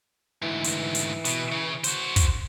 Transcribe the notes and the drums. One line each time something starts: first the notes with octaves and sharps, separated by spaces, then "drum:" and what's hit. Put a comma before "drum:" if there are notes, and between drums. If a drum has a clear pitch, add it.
D2 G#2 E3
drum: hi-hat
drum: hi-hat
B2, drum: hi-hat
C#3
F#4 C5, drum: hi-hat
drum: kick, hi-hat